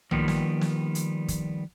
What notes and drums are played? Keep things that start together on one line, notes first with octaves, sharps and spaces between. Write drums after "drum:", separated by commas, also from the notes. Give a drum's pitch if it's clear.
D#3 F3 G3 A#3 B3, drum: tom A#1
drum: snare
drum: snare
drum: hi-hat
drum: kick, hi-hat